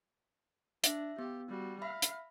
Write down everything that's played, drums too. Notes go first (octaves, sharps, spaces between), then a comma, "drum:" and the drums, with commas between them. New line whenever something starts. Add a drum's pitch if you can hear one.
D4 E5, drum: hi-hat
B3 G4
G3 F#4
E5 F5 B5
drum: hi-hat